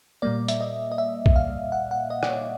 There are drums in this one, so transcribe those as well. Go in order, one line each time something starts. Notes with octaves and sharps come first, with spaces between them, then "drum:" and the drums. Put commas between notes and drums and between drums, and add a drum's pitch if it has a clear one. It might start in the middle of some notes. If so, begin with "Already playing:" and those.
A#2 G3 A#3 D5
E5, drum: hi-hat
D#5
D#5
E5
drum: kick
F5
F#5
F#5
D#5
D5, drum: rim click
C#5